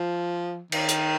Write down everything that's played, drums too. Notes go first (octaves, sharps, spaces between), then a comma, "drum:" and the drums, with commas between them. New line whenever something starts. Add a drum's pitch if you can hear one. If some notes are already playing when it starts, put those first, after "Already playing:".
Already playing: F3
D#3, drum: cymbal
drum: hi-hat